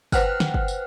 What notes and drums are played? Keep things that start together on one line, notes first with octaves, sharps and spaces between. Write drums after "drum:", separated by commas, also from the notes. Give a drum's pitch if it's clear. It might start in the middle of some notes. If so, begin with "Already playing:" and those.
B4 C5 F#5 G5 F6 F#6, drum: kick, tambourine
drum: snare
drum: kick
drum: tambourine